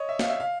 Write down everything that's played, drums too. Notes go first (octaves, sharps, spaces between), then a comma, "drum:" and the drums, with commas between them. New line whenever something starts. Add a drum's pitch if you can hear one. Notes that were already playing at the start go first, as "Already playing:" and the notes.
Already playing: C#5 D#5
E5
F5, drum: snare
E5
F5